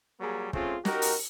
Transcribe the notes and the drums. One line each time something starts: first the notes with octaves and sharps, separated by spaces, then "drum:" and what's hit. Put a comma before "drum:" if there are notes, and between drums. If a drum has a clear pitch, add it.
F#3 G3 A#3 G#4
A3 C4 C#4 F4 G#4, drum: kick
D#4 F#4 G4 A#4, drum: snare
drum: open hi-hat